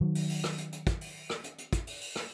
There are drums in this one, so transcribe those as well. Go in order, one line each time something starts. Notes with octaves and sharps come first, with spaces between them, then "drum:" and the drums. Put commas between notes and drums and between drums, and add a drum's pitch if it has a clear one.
D#3 F#3
drum: open hi-hat
drum: open hi-hat
drum: rim click
drum: hi-hat
drum: hi-hat
drum: kick, hi-hat
drum: open hi-hat
drum: rim click
drum: hi-hat
drum: hi-hat
drum: kick, hi-hat
drum: open hi-hat
drum: open hi-hat
drum: rim click